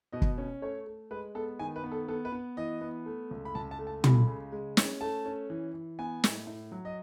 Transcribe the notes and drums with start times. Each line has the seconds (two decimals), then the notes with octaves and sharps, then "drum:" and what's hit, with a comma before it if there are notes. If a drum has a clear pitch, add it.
0.13 B2 D#5
0.22 drum: kick
0.38 C#4
0.62 A3 C#5
0.87 A3
1.11 G#3 B4
1.35 B3 A4
1.59 D#3 G#5
1.76 B4
1.84 B3
1.92 A4
2.08 B3 A4
2.25 B4
2.32 B3
2.57 E3 D#5
2.81 B3
3.06 A3
3.31 C#2
3.45 B5
3.55 C#2 A5
3.71 A5
3.79 A3
3.87 A5
4.04 C#2 B5, drum: tom
4.27 C#3
4.52 G#3
4.77 C#4, drum: snare
5.01 A3 A5
5.26 C#4
5.50 E3
5.74 E3
5.99 B3 G#5
6.24 A2, drum: snare
6.47 A2
6.72 F#3
6.85 D#5